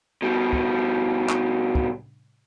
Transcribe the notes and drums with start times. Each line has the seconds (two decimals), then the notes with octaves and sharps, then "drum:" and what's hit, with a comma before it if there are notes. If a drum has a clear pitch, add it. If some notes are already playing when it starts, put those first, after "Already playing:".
0.22 B2 G3
0.53 drum: kick
1.29 drum: clap
1.75 drum: kick